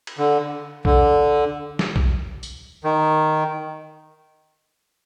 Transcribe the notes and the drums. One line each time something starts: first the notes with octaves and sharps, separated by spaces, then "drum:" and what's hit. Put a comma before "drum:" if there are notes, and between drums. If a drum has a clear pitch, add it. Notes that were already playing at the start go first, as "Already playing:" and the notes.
drum: cymbal
D3
D3, drum: kick
drum: snare
drum: kick
drum: tambourine
D#3